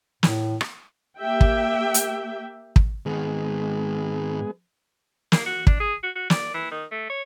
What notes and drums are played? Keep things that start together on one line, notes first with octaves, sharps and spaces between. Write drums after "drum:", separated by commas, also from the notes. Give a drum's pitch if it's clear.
A2, drum: snare
drum: rim click
A#3 G4 E5 G5
drum: kick
drum: hi-hat
drum: kick
G#2 D#3 G#3 B3 G#4
A#3, drum: snare
F#4
D4, drum: kick
G#4
F#4
F#4
D5, drum: snare
E3
D#3
A3
C#5